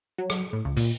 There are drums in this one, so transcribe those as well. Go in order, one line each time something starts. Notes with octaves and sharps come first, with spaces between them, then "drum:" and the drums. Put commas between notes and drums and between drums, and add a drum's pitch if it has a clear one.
F#3
drum: rim click
A2
C#2
A#2, drum: open hi-hat